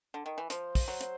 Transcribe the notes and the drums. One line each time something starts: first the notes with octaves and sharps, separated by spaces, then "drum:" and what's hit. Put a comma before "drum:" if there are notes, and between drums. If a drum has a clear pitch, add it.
D3
D#3
E3
F3 C5, drum: hi-hat
drum: kick, open hi-hat
F#3
drum: hi-hat